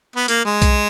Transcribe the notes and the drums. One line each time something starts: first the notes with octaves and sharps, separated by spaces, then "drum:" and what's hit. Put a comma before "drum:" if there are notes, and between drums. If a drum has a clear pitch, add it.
B3
A#3, drum: hi-hat
G#3
drum: kick B1, hi-hat